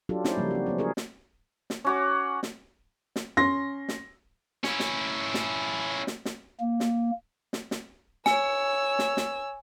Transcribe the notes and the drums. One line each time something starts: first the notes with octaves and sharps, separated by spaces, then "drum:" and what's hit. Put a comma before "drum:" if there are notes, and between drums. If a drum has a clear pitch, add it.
F#3 D4 F4 G4 A4
C#4 D#4 E4 C5 D5, drum: snare
C#3 F3 G3 A#3
C4 F#4
F#3 B3 C#4
D4 G#4 A#4 C#5
drum: snare
drum: snare
C#4 F#4 D6
drum: snare
drum: snare
C#4 C6 A#6
drum: snare
C#4 E4, drum: snare
drum: snare
drum: snare
drum: snare
drum: snare
A#3
drum: snare
drum: snare
drum: snare
C#5 G#5 E6, drum: snare
drum: snare
drum: snare